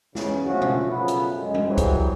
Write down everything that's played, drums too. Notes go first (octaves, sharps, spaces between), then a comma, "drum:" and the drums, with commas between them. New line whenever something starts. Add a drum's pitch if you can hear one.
E2 C#3, drum: snare
D3 F3 A3 C#4 F#4
drum: tom B2
C#3 F3 F#3 A3 B3
drum: hi-hat
F#2 G#3
drum: tom G3
E3 F#3 G3 G#4 C5
drum: kick C2, hi-hat